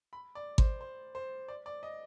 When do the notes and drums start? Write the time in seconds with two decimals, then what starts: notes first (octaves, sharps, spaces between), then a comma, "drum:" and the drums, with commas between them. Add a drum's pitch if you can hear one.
0.13 B5
0.35 D5
0.58 C5, drum: kick G#1
0.81 C5
1.15 C5
1.48 D5
1.66 D5
1.83 D#5